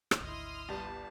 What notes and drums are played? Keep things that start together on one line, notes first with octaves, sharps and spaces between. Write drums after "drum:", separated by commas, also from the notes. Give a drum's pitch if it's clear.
drum: rim click
G#1 D2 E4 D#5 C6 D#6 F6
G1 G3 A5